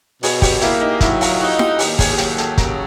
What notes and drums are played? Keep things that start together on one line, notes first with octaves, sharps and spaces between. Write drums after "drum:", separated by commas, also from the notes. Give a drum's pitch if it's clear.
B2 G#4, drum: open hi-hat
G4, drum: kick, open hi-hat
A#3 E4, drum: hi-hat
D#4
F#3 E4, drum: kick, hi-hat
F4, drum: open hi-hat
D#4 F#4
G4, drum: snare
D#2 G4, drum: open hi-hat
G#4, drum: kick, open hi-hat
G#4
F#3 G4, drum: hi-hat
A4, drum: hi-hat
C#3 A#4, drum: kick, hi-hat